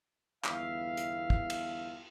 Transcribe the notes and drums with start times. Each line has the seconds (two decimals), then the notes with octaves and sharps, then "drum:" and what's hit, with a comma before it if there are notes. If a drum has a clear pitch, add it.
0.44 G1 E2 E3 E5 F5, drum: clap
0.97 drum: hi-hat
1.30 drum: kick
1.50 drum: cymbal